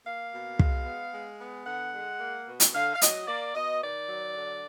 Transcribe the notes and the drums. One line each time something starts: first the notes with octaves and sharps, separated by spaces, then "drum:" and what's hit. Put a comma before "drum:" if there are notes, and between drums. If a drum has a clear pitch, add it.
A#3 F5
B2
G#3, drum: kick
B3
G#3
B3
D3 F#5
G#3
A#3
B2
drum: hi-hat
D3 F5
F5
F#3 D#5, drum: hi-hat
A#3 D5
B2 D#5
D#3 D5
F#3
D3